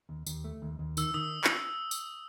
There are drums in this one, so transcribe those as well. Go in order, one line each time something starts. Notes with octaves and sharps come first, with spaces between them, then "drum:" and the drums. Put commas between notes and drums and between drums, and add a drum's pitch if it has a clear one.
D#2
D#2, drum: tambourine
A3
D#2
D#2
D#3 E6, drum: tambourine
D#3 D#6
drum: clap
drum: tambourine